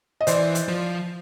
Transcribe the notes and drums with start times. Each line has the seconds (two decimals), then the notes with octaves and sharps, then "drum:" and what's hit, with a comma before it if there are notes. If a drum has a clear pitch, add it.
0.21 D#5
0.27 E3 C5 D5, drum: hi-hat
0.55 drum: hi-hat
0.68 F3